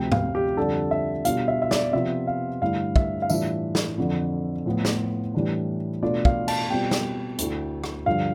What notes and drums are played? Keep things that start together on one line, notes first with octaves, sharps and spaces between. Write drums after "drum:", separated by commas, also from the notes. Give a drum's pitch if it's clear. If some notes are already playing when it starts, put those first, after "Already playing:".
Already playing: D2 C3 F3 G5
F5, drum: tom G#2
G4
F2 D3 G3 D4 A4
E5
B2 G3 D4 F4 F5, drum: hi-hat
E5
E5
D5, drum: snare
C3 F3 B3 F4 E5
F5
G2 D3 A3 E4 F5
E5, drum: kick
F5
A2 E3 G3 D4 F4 E5, drum: tambourine
drum: snare
F2 D3 F3
A2 F3 B3 F4
drum: snare
A2 E3 G3 D4
B2 A3 D4 F4 D5
F5, drum: kick
A5, drum: cymbal
B2 G3 C4 F4 G5
drum: snare
D2 D3 A3 E4, drum: hi-hat
drum: rim click
G2 D3 F3 F5